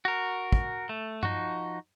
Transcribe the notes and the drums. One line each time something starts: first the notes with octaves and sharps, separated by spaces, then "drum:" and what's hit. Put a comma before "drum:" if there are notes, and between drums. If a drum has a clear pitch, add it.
F#4 A#4
drum: kick
A3
F3 D#4 F#4, drum: tom G2